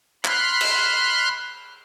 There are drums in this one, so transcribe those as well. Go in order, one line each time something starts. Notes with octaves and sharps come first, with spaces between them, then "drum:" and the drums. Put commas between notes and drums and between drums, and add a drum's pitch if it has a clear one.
B5 C6 F6 F#6, drum: clap
drum: cymbal